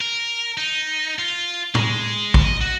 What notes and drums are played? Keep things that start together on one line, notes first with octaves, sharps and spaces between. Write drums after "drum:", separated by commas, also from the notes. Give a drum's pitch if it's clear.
A#4
D#4
F4
G#3, drum: tom
drum: kick
D#5
F#4